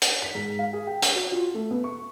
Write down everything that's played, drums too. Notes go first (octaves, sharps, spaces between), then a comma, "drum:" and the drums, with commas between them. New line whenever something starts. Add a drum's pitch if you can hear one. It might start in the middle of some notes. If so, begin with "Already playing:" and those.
drum: hi-hat
B6
G#2
F5
G#4
G5
C#5, drum: hi-hat
F#4
F4
A3
B3
C#6